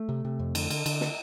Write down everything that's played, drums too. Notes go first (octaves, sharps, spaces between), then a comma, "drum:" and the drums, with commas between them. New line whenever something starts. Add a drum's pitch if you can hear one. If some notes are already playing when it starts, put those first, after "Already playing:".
Already playing: A3
C3
C3
F2
D3, drum: cymbal
D3, drum: cymbal
D3, drum: cymbal
drum: snare